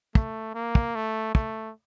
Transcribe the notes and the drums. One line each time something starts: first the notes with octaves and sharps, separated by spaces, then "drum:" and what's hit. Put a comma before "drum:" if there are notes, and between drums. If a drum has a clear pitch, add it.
A3, drum: kick
A#3
drum: kick
A3
A3, drum: kick